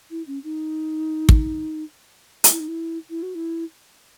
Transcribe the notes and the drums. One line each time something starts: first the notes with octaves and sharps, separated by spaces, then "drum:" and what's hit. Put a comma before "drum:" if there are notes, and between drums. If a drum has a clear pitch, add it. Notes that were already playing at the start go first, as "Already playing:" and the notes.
E4
C#4
D#4
drum: kick
F#4, drum: hi-hat
E4
D#4
E4
E4
F#4
E4